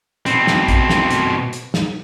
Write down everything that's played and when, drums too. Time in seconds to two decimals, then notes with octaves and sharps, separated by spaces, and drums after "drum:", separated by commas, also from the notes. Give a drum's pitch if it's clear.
0.26 B2 C4, drum: hi-hat
0.47 drum: snare
0.68 drum: kick A#1, hi-hat
0.89 drum: snare
1.11 drum: hi-hat
1.53 drum: hi-hat
1.74 drum: snare